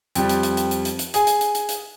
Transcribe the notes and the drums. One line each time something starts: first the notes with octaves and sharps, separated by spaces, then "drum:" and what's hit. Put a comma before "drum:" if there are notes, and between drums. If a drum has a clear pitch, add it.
F2 G3, drum: hi-hat
drum: hi-hat
drum: hi-hat
drum: hi-hat
drum: hi-hat
drum: hi-hat
drum: hi-hat
G#4 G#5, drum: hi-hat
drum: hi-hat
drum: hi-hat
drum: hi-hat
drum: hi-hat